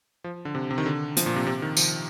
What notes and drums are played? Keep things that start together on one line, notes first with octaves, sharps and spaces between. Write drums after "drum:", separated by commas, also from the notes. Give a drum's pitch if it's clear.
F3
D3
C3
C3
D#3
D3
F3, drum: hi-hat
A#2
C3
C3
D#3
F3, drum: tambourine